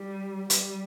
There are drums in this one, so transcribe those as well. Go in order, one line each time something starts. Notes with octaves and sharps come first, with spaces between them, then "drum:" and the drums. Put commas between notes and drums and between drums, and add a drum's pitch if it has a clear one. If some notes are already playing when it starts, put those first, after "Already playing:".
Already playing: G3
G3, drum: hi-hat